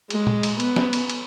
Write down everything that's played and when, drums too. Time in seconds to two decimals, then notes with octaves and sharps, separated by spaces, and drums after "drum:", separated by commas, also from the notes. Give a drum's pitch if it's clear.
0.10 G#3, drum: cymbal
0.27 drum: tom A#2
0.43 drum: cymbal
0.60 B3, drum: cymbal
0.76 drum: snare
0.93 drum: cymbal
1.10 drum: cymbal